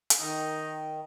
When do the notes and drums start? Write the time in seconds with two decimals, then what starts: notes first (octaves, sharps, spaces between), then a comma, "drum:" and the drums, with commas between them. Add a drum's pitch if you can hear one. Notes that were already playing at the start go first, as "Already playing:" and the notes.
0.10 drum: hi-hat
0.20 D#3 D#4